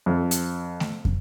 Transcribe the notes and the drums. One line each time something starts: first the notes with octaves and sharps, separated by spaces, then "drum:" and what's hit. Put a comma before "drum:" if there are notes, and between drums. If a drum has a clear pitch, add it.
F2
drum: hi-hat
drum: snare A3
drum: kick